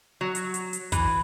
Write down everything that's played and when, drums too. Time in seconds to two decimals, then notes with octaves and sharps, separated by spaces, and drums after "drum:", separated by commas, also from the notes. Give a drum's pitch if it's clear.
0.21 F#3
0.35 drum: hi-hat
0.54 drum: hi-hat
0.73 drum: hi-hat
0.92 E3, drum: kick, hi-hat